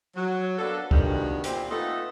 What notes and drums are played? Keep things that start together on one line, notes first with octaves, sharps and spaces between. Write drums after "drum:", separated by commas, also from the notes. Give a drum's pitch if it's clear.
F#3
A#3 B3 D4 A4
D2 G2 D#3 F3 G3 B3, drum: kick C#2
A#2 C4 G4, drum: hi-hat
A3 B3 D#4 F4 A4 B4